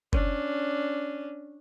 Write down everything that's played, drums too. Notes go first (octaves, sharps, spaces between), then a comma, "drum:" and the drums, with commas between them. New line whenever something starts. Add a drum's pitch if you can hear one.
C#4 D4, drum: kick F#1